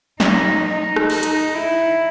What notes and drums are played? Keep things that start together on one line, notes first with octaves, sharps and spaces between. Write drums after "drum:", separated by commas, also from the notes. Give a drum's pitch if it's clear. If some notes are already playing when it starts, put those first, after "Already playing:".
D#4, drum: snare
D#4
drum: rim click
D#4, drum: cymbal
drum: hi-hat
E4